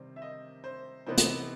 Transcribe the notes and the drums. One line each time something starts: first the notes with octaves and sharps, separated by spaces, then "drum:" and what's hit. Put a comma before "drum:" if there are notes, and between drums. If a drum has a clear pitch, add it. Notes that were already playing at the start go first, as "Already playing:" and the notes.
Already playing: C3 D#3 G3 C5
E5
D#5
C5
C3 E3 B3 D#4 C5
drum: hi-hat